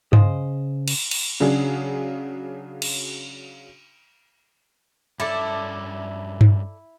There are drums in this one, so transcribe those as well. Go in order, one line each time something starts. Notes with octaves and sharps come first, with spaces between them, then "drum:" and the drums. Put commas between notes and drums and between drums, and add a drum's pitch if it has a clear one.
C#3 C5 D#5, drum: tom G2
drum: cymbal
drum: cymbal
C#3 F#3 D4 G#4
drum: cymbal
G2 C#4 E4 A4 D5 E5 A5
drum: tom G2